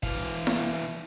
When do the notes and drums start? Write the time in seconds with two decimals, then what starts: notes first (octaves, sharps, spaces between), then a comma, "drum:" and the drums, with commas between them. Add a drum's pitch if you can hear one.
0.03 E3 F5, drum: kick
0.47 drum: snare E4